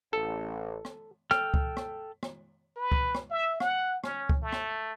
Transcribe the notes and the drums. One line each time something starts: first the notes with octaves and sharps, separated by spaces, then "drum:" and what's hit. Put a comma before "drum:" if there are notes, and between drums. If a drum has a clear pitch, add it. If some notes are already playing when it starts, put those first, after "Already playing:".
A1 A4
drum: rim click
A4 G5 F6, drum: rim click
drum: kick C#2
drum: rim click
drum: rim click
B4
drum: kick C#2
drum: rim click
E5
F#5, drum: rim click
C#4, drum: rim click
drum: kick C#2
A3
drum: rim click